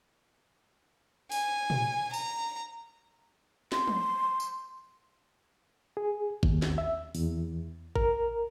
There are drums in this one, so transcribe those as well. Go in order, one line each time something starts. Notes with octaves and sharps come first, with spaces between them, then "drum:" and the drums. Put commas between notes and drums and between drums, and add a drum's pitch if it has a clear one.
G#5, drum: open hi-hat
drum: tom
A#5, drum: tambourine
C6, drum: snare
drum: tom
drum: tambourine
G#4
D#2, drum: kick
drum: snare
E5
E2, drum: open hi-hat
A#4, drum: kick